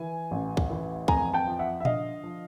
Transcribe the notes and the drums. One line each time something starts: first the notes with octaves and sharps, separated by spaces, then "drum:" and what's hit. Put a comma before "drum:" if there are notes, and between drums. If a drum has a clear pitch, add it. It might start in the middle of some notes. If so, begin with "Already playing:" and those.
Already playing: E3 G#5
A1
drum: kick
E3
F2 G#5 A#5, drum: kick
G5 A5
F3
E5 F#5
E5
D3 D#5 F5, drum: tom A#2
F3